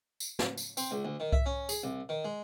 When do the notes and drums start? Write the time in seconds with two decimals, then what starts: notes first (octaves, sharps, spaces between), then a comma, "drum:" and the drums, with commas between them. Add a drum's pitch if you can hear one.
0.20 drum: tambourine
0.39 drum: snare
0.57 drum: tambourine
0.77 C4, drum: tambourine
0.91 C#2
1.05 D2
1.20 D#3
1.33 E5, drum: kick C2
1.46 C#4
1.69 G#4, drum: tambourine
1.84 C2
2.09 D#3
2.25 G#3